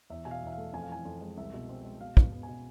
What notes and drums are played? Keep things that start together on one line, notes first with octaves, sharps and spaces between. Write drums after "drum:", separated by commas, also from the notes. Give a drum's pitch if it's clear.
E2 E5
B2 G#5
F5
E2 E5
F5
A3
F2 G#5
F5
E3 G#5
F2
G#3
C2 E5
B2
C4
G#3
B2 F5
B3, drum: kick
F5
B3
G#5
B2